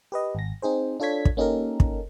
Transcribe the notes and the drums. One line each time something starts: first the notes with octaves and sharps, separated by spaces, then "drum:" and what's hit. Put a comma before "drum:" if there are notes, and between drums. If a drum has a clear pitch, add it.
G4 B4 D#5
G#1 A#6
C4 D#4 G#4 C5
D4 F4 A4 C#5 G#6 B6
drum: kick
A#3 C#4 D#4 G4 A4 A#4
drum: kick